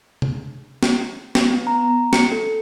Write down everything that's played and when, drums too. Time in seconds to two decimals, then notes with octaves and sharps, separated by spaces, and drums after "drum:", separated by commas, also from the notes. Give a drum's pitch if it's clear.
0.22 drum: tom C3
0.83 drum: snare
1.35 drum: snare
1.50 B3
1.67 A#5
2.13 C#7, drum: snare
2.32 A4